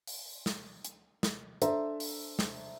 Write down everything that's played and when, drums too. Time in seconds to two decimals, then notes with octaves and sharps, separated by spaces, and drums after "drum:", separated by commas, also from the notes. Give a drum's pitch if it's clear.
0.07 drum: open hi-hat
0.46 drum: snare
0.85 drum: hi-hat
1.23 drum: snare
1.62 D4 A4 C5 E5 A#5, drum: hi-hat
2.00 drum: open hi-hat
2.39 drum: snare